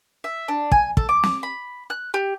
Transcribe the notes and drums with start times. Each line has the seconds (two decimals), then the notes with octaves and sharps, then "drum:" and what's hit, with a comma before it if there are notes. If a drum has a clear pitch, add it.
0.24 E5
0.48 D4
0.72 G#5, drum: kick
0.97 A4, drum: kick
1.09 D6
1.23 drum: snare
1.43 B5
1.90 F#6
2.14 G4